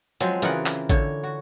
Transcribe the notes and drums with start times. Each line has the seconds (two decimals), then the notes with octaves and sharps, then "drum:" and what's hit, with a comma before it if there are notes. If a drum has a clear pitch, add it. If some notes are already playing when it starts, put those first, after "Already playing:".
0.21 F3 F#3 G#3 C4, drum: hi-hat
0.42 C#3 E3 F4 A#4 D#5 F#5, drum: hi-hat
0.66 drum: clap
0.89 D3 C#5, drum: kick A1, hi-hat
1.23 F#4